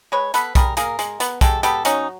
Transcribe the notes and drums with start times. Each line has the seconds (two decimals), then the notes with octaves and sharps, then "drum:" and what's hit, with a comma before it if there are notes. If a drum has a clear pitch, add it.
0.12 G#3 B4 C#5
0.34 B3 A4 B4, drum: hi-hat
0.55 G3 G#4 A#4, drum: kick B1, hi-hat
0.77 A#3 G#4 A#4, drum: hi-hat
0.99 G#3, drum: hi-hat
1.20 B3, drum: hi-hat
1.41 G#3 G4 A4, drum: kick B1, hi-hat
1.63 B3 G4 A4, drum: hi-hat
1.85 F#3 C#4 D#4, drum: hi-hat